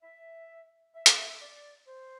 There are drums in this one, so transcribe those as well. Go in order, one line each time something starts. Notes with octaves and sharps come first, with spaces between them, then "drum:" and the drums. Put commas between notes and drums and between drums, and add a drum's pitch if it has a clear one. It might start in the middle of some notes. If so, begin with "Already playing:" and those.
E5
E5
F5, drum: hi-hat
E5
E5
D5
C5